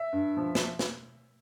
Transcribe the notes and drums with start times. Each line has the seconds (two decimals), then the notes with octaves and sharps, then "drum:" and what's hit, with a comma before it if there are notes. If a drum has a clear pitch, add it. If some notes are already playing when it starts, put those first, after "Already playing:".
Already playing: E5
0.13 G2
0.37 F3
0.55 drum: snare
0.79 drum: snare